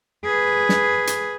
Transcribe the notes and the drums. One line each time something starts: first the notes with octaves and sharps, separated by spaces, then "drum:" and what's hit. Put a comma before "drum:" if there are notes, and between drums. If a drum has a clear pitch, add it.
G#4 B4
drum: snare
drum: hi-hat